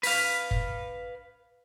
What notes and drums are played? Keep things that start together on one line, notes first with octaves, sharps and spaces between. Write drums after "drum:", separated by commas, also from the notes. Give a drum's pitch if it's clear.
B4 F5, drum: open hi-hat
drum: kick